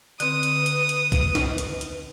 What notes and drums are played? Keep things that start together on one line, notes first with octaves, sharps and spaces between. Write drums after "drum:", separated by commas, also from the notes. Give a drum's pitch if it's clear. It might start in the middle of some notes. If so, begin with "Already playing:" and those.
D3 C4 B4 D#6, drum: hi-hat
drum: hi-hat
drum: hi-hat
drum: hi-hat
drum: kick, hi-hat
drum: snare
drum: hi-hat
drum: hi-hat